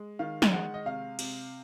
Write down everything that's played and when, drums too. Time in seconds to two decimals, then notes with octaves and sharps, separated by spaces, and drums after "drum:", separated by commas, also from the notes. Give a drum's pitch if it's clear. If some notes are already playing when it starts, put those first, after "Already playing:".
Already playing: G#3
0.19 D#3 F5
0.42 drum: snare
0.52 G#3 F#5
0.74 D#5
0.85 C3 F5
1.19 C3, drum: cymbal